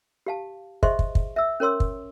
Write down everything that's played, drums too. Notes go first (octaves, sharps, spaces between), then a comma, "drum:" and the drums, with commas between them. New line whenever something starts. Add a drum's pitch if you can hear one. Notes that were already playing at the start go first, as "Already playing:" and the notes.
G4 F5 A5
G#4 C5 D#5 E5 C6 C#6, drum: kick
drum: kick
drum: kick
E5 E6
C#4 A#4 C#5 C6 E6
drum: kick